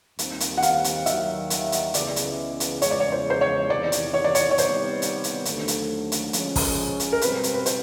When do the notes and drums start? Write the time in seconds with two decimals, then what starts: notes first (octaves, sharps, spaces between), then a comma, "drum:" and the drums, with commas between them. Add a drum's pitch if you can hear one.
0.19 D#2 D#3 G3 C4, drum: hi-hat
0.40 drum: hi-hat
0.57 F#5
0.62 F5, drum: hi-hat
0.84 drum: hi-hat
1.06 D#2 D#3 F#3 E5, drum: hi-hat
1.50 drum: hi-hat
1.72 drum: hi-hat
1.94 C#2 C#3 E3 G#3 B3 D5, drum: hi-hat
2.16 drum: hi-hat
2.60 drum: hi-hat
2.82 E2 C#3 F3 G#3 C#5, drum: hi-hat
2.91 D5
3.00 C#5
3.12 C5
3.30 C5
3.41 C#5
3.70 E2 C3 D#3 D5
3.92 drum: hi-hat
4.14 C#5
4.24 D5
4.35 C#5, drum: hi-hat
4.51 C#5
4.58 C3 D#3 G3 B3 D#4 C5, drum: hi-hat
5.02 drum: hi-hat
5.24 drum: hi-hat
5.45 D#2 D3 F#3 A3, drum: hi-hat
5.68 drum: hi-hat
6.12 drum: hi-hat
6.33 F3 G#3 C#4, drum: hi-hat
6.56 drum: kick, open hi-hat
7.00 drum: hi-hat
7.12 A#4
7.21 B2 G3 C4 B4, drum: hi-hat
7.44 drum: hi-hat
7.54 B4
7.66 C5, drum: hi-hat